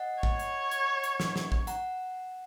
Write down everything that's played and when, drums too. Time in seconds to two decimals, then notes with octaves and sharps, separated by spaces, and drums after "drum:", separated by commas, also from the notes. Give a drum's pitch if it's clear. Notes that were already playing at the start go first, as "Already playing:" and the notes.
Already playing: D#5 F#5
0.23 C#5, drum: kick A1
0.39 drum: hi-hat
0.72 drum: hi-hat
1.04 drum: hi-hat
1.20 drum: snare
1.36 drum: snare
1.52 drum: kick A1
1.67 F#5 A#5, drum: hi-hat